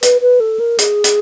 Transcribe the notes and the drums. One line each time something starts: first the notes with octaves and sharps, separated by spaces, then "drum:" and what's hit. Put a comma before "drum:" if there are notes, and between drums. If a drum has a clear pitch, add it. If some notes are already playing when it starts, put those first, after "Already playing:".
B4, drum: hi-hat
B4
A4
A#4
G#4, drum: hi-hat
drum: hi-hat